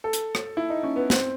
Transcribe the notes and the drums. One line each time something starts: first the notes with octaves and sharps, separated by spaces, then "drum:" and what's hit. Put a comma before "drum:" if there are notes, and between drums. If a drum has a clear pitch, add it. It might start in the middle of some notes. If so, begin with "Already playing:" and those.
A4
drum: hi-hat
drum: rim click
E4
D#4
C#4
B3
C4, drum: snare